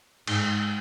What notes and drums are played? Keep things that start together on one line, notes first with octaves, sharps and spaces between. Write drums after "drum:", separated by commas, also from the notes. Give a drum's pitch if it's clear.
G#2, drum: cymbal